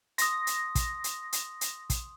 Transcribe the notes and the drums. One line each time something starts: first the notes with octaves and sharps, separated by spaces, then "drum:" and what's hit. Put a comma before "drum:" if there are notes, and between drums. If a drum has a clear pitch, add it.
C6 D#6 A#6, drum: hi-hat
drum: hi-hat
drum: kick, hi-hat
drum: hi-hat
drum: hi-hat
drum: hi-hat
drum: kick, hi-hat